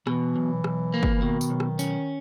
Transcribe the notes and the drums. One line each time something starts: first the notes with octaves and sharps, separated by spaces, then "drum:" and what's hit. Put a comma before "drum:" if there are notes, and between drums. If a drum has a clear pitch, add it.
B2 E3, drum: rim click
B1
B1, drum: rim click
A#3
drum: kick
E3
B2 D#3
drum: tambourine
B1
drum: rim click
C#4, drum: tambourine